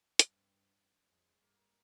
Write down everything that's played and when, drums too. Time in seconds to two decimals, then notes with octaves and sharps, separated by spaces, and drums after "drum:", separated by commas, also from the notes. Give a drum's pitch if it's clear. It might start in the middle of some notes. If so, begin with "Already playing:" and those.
0.19 G2 D4, drum: hi-hat
0.35 C4
1.10 F2 G#3
1.41 G2 A#3
1.56 A#3